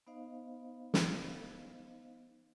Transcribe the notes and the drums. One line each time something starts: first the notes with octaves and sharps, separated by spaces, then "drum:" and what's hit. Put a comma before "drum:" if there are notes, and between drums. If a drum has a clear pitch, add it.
B3 D#4 C5 D#5 F5
drum: snare